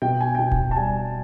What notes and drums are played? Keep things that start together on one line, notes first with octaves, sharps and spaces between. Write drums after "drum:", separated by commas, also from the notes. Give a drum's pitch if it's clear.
B2 G5
G#5
G5
B2 G#5
drum: kick D1
A5
G3 G#5